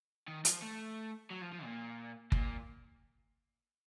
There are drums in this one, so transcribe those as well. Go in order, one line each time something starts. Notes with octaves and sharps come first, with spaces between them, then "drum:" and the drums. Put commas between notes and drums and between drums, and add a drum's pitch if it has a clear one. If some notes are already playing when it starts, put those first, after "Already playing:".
D#3
F3, drum: hi-hat
A3
F#3
F3
F3
A#2
A#2, drum: kick G1